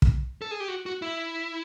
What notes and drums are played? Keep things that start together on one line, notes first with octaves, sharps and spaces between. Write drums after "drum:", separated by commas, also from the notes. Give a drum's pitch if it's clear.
drum: kick
A4
G#4
G4
F#4
F#4
E4